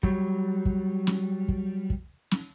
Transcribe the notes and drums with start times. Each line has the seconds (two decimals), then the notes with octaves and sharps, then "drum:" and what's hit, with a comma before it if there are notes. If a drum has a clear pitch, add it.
0.03 F#3 G3, drum: kick
0.65 drum: kick
1.07 drum: snare
1.48 drum: kick
1.90 drum: kick
2.31 drum: snare